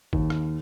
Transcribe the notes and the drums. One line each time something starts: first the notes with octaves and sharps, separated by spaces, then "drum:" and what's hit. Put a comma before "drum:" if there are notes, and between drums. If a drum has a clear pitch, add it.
D#2, drum: kick
drum: rim click